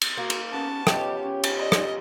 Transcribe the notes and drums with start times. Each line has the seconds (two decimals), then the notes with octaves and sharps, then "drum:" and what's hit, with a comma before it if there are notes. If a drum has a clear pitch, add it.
0.01 drum: cymbal
0.17 A#3 F#4
0.30 drum: cymbal
0.52 B3 C#4 F#4 G4 A5
0.87 C#3 B3 F4 G4 D#5, drum: rim click
1.23 C#4 C#5
1.44 drum: cymbal
1.58 D5 D#5
1.72 drum: rim click